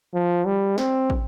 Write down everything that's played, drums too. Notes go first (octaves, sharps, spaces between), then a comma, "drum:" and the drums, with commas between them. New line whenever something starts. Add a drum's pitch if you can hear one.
F3
G3
C4, drum: snare
drum: kick